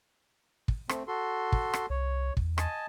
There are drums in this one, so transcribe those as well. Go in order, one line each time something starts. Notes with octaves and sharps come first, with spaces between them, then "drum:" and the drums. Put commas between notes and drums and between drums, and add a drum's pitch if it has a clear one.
drum: kick
A3 C4, drum: rim click
F#4 A4 C6
drum: kick
drum: rim click
C2 C#5
E2, drum: kick
D#5 G#5 A5, drum: rim click